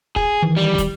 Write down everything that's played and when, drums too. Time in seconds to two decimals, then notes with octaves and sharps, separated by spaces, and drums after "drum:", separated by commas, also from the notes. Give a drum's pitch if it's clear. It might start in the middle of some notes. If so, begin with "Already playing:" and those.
0.16 G#4, drum: kick
0.42 D#3 E3
0.57 G3
0.78 drum: kick, hi-hat